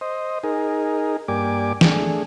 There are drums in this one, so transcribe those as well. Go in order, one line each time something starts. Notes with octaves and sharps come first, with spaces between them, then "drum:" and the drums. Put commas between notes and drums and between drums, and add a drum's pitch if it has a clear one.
C5 D#5
D#4 G#4 A#4
G2 A#3 G4 D5 G#5 D6
A3 D4 G#4, drum: snare E3